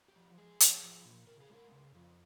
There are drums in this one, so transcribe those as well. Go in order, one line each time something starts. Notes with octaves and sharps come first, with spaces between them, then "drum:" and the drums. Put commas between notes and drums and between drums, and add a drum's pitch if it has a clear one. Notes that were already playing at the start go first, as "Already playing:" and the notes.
G4
F3
G#3 G#4
F3, drum: hi-hat
F3
A#2
C#3 A#4
G#4
G#3 A#4
C#3
F2